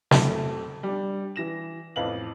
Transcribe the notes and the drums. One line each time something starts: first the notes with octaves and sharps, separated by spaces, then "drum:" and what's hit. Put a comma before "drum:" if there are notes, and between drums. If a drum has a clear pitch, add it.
F2 A3, drum: snare
G3 D4
E3 A#6 E7
A1 F2 B4 F5 F#7